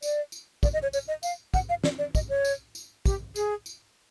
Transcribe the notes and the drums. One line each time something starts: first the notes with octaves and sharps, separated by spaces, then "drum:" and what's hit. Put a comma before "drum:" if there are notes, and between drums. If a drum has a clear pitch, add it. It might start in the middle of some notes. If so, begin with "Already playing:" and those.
D5, drum: tambourine
drum: tambourine
D5, drum: kick, tambourine
D#5
C#5
C#5, drum: tambourine
D#5
F5, drum: tambourine
F#5, drum: kick, tambourine
F5
D5, drum: snare
D5
D#5, drum: kick, tambourine
C#5
drum: tambourine
drum: tambourine
G4, drum: kick, tambourine
G#4, drum: tambourine
drum: tambourine